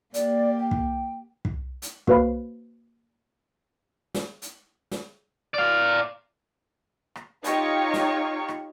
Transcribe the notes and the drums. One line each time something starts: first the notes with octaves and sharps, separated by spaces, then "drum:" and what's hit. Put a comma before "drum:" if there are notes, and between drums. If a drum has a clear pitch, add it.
A#3 G4 D5, drum: hi-hat
G5
drum: kick
drum: kick
drum: hi-hat
A#3 F#4 B4 C5 F5 B5, drum: kick
drum: snare
drum: hi-hat
drum: snare
D5 F5
drum: rim click
D#4 F4 G4 C#5 C#6, drum: hi-hat
drum: snare
drum: rim click